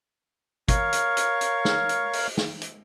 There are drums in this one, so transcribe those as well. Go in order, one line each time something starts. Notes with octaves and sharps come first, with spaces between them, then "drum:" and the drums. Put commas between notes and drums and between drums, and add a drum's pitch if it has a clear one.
A#4 C#5 F5 C#6, drum: kick, hi-hat
drum: hi-hat
drum: hi-hat
drum: hi-hat
drum: snare
drum: hi-hat
drum: open hi-hat
drum: snare
drum: hi-hat